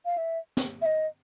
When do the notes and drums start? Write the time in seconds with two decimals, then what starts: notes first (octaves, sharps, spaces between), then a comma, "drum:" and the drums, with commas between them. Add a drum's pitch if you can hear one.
0.05 F5
0.18 E5
0.57 drum: snare
0.82 E5
0.86 D#5